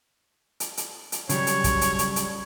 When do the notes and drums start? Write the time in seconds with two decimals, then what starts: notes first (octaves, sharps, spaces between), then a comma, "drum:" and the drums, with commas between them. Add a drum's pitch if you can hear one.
0.60 drum: hi-hat
0.77 drum: hi-hat
1.12 drum: hi-hat
1.29 C#3 F#3 G3 C#5, drum: hi-hat
1.47 drum: hi-hat
1.64 drum: kick, hi-hat
1.81 drum: hi-hat
1.99 drum: hi-hat
2.16 drum: hi-hat